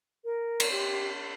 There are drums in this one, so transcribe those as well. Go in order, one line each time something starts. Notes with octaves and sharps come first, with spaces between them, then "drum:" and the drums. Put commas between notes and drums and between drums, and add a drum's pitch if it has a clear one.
A#4
drum: cymbal
G4